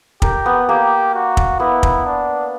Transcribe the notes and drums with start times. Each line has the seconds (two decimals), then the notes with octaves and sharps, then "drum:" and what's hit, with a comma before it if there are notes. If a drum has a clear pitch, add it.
0.22 G4 A#4, drum: kick
0.46 B3
0.68 A#3 G4
1.15 F#4
1.37 drum: kick
1.60 B3 E4
1.83 drum: kick
2.06 D4